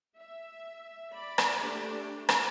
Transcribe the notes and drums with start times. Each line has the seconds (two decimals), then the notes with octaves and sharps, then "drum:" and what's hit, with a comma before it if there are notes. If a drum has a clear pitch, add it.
0.17 E5
1.13 D5 B5
1.38 drum: rim click
1.60 A3 D4 G4
2.29 drum: rim click